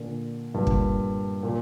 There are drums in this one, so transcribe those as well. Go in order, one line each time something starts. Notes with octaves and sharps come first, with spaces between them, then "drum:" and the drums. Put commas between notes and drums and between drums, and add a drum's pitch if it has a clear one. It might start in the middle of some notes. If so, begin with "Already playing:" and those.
Already playing: A#2 D3
G2 A#2
drum: kick
A#2